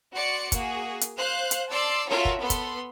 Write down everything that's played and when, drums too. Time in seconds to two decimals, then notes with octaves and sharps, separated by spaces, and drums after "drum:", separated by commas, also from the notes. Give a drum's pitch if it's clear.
0.14 F#4 D5 C6 C#7
0.52 A#3 F#4 G#4, drum: kick, hi-hat
1.01 drum: hi-hat
1.17 C5 F5 F#6
1.51 drum: hi-hat
1.69 D5 A5 C6 E6 C7
2.07 F4 F#4 A4 A#4 C#5 E5
2.25 drum: kick
2.40 B3 A4 B5 C6
2.50 drum: kick, hi-hat